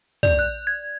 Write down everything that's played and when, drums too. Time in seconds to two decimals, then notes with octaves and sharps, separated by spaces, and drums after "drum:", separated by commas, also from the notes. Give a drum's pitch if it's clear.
0.23 D5, drum: tom
0.39 F#6
0.67 G#6